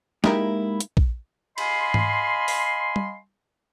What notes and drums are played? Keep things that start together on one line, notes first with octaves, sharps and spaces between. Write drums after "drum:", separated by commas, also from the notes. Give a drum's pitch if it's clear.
G#3 A#3 D#4 E4 G4 A#4, drum: snare
drum: hi-hat
drum: kick A#1
D#5 F5 G#5 B5 C6, drum: cymbal
drum: tom G#2
drum: open hi-hat
drum: tom G3